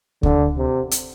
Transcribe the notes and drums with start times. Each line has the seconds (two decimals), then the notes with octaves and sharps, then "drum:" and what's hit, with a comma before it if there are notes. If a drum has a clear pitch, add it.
0.23 D3, drum: kick D2
0.58 C3
0.91 drum: hi-hat